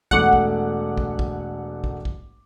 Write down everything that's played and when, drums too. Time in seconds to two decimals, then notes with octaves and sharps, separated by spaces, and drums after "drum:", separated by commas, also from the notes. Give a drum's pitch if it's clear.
0.11 E1 A3 F#5 D6, drum: kick
0.33 drum: kick
0.97 drum: kick
1.19 drum: kick
1.84 drum: kick
2.05 drum: kick